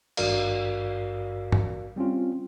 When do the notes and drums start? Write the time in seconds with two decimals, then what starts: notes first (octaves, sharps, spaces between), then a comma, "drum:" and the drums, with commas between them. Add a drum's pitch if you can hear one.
0.17 G#1 G2 F#4 A#4 D5 F5, drum: cymbal
1.52 drum: tom G2
1.96 G3 C4 C#4 F4